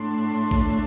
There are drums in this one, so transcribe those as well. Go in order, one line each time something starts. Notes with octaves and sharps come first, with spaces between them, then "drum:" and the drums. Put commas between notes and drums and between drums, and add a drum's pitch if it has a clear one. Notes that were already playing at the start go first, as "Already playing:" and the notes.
Already playing: A2 A3 D4 C6
C6
drum: kick A1, hi-hat